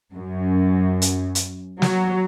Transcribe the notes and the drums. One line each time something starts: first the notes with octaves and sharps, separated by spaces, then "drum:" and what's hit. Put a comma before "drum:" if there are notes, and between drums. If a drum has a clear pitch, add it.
F#2
drum: hi-hat
drum: hi-hat
F#3, drum: snare